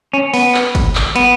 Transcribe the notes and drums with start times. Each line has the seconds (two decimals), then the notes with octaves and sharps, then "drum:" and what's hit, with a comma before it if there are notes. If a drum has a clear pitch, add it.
0.13 C#4
0.34 B3, drum: open hi-hat
0.55 drum: clap
0.75 drum: kick, hi-hat
0.95 drum: clap
1.16 B3, drum: hi-hat